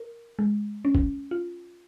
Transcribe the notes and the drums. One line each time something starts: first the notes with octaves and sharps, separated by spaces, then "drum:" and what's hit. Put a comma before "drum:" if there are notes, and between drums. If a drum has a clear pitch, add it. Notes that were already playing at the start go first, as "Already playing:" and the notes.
Already playing: A#4
G#3
C#4
drum: kick
F4